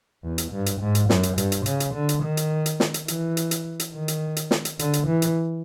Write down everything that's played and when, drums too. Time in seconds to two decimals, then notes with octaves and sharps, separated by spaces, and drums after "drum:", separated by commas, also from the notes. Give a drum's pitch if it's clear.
0.24 E2
0.38 drum: hi-hat
0.52 G2
0.66 drum: hi-hat
0.80 G#2
0.95 drum: hi-hat
1.10 F#2, drum: snare
1.23 drum: hi-hat
1.38 G2, drum: hi-hat
1.52 drum: hi-hat
1.66 C#3, drum: hi-hat
1.80 drum: hi-hat
1.94 D3
2.09 drum: hi-hat
2.23 D#3
2.37 drum: hi-hat
2.66 drum: hi-hat
2.80 drum: snare
2.94 drum: hi-hat
3.08 E3, drum: hi-hat
3.37 drum: hi-hat
3.51 drum: hi-hat
3.80 drum: hi-hat
3.94 D#3
4.08 drum: hi-hat
4.36 drum: hi-hat
4.51 drum: snare
4.65 drum: hi-hat
4.79 D3, drum: hi-hat
4.93 drum: hi-hat
5.08 E3
5.22 drum: hi-hat